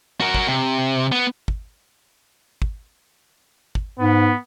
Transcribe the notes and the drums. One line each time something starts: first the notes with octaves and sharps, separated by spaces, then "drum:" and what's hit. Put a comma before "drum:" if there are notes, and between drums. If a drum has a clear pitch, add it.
F#4 A#4
drum: kick
C3
B3
drum: kick
drum: kick
drum: kick
G#2 B3